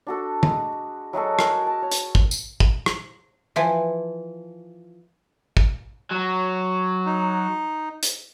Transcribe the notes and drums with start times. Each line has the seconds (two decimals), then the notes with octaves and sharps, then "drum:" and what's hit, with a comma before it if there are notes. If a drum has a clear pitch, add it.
0.07 D4 F#4 A4
0.43 G#3, drum: tom
1.13 F#3 G#3 F#4 A4
1.39 G#3 A#4 G#5 E6, drum: rim click
1.67 A5
1.82 C#5
1.92 drum: hi-hat
2.15 drum: kick
2.31 drum: tambourine
2.60 drum: kick
2.86 drum: rim click
3.56 E3 F3
5.57 drum: kick
6.11 F#3
7.06 D#4
8.03 drum: hi-hat